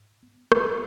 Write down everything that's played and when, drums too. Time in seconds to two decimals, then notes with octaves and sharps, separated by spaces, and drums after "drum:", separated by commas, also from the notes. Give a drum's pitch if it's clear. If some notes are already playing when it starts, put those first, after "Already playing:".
Already playing: G#2
0.23 B3
0.52 G#2 A3, drum: rim click